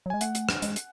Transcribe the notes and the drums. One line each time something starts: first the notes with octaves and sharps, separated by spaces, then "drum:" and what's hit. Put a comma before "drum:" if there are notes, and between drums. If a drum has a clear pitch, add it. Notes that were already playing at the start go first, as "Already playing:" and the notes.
F#3
G#3 G#5
A3 F#5, drum: hi-hat
drum: hi-hat
drum: rim click
G#3, drum: hi-hat
drum: hi-hat